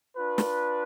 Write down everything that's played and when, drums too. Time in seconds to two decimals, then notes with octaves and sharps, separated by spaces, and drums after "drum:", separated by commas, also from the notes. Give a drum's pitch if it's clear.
0.16 D4 F4 B4
0.38 drum: snare